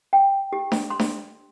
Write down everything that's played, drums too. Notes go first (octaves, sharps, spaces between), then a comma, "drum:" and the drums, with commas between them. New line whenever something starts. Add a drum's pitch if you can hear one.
G5
G4
drum: snare D4
C6
drum: snare D4